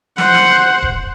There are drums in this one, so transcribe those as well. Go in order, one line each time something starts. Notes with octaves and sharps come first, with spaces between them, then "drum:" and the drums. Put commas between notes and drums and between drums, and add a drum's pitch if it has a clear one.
C5 F#5, drum: snare
drum: snare
drum: kick D#1